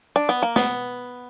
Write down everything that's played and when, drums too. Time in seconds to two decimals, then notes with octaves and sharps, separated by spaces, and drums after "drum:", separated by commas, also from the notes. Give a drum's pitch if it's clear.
0.16 D4
0.29 B3
0.43 A#3
0.56 B3, drum: snare